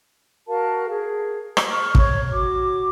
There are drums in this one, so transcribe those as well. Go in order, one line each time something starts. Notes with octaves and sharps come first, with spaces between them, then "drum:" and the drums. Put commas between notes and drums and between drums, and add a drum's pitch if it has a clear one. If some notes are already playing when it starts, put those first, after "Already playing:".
F#4 A#4 F5 A5
G#4
drum: rim click
C5 C#6 F6
C#5, drum: kick
F#4 D6